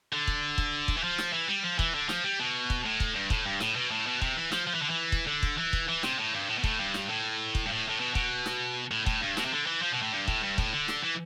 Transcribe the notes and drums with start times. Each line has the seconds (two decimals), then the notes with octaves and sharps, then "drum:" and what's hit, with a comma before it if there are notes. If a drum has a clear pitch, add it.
0.13 D3
0.27 drum: kick
0.58 drum: kick
0.88 drum: kick
0.97 E3
1.03 F3
1.18 drum: snare
1.33 E3
1.49 G3
1.64 F3
1.79 E3, drum: kick
1.95 D3
2.09 F3, drum: snare
2.24 G3
2.39 B2
2.70 drum: kick
2.85 A2
3.00 drum: kick
3.15 G2
3.30 A2, drum: kick
3.46 G2
3.60 A2, drum: snare
3.76 B2
3.91 A2
4.07 B2
4.22 C3, drum: kick
4.37 E3
4.52 F3, drum: snare
4.67 F3
4.75 E3
4.82 D3
4.90 E3
5.12 drum: kick
5.27 D3
5.43 drum: kick
5.58 E3
5.73 drum: kick
5.88 E3
6.03 C3, drum: snare
6.19 A2
6.34 G2
6.48 A2
6.58 B2
6.64 A2, drum: kick
6.79 G2
6.94 drum: snare
7.09 A2
7.55 drum: kick
7.66 G2
7.70 A2
7.89 A2
8.00 B2
8.15 B2, drum: kick
8.46 drum: snare
8.91 A2
9.06 A2, drum: kick
9.21 G2
9.37 B2, drum: snare
9.45 C3
9.52 D3
9.66 E3
9.82 F3
9.92 B2
10.02 A2
10.13 G2
10.28 A2, drum: kick
10.42 G2
10.58 A2, drum: kick
10.73 D3
10.88 drum: snare
11.03 E3